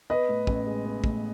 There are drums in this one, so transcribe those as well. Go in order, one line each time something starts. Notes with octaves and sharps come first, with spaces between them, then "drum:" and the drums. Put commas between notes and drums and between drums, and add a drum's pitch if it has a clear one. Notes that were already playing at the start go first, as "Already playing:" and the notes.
B3 B4 D#5
A2
A1, drum: kick
G#3
B3
A2, drum: kick